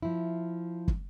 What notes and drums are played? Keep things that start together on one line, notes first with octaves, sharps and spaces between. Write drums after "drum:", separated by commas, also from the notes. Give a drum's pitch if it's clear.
F3 E4
drum: kick